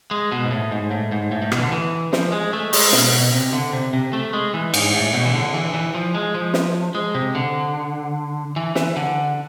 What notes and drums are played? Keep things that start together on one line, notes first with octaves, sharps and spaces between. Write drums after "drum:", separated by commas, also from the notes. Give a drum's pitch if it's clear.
G#3
B2
G#2
A2
G#2
A2
G#2
A2
A2
B2, drum: rim click
E3
D3
E3
F3, drum: snare
G#3
A3
G#3, drum: open hi-hat
B2, drum: snare
B2
C3
D3
C3
C3
A3
G#3
E3
G#2, drum: cymbal
A2
B2
E3
D3
E3
E3
F3
G#3
F3
drum: snare
G#3
C3
D3
E3
E3, drum: snare
D3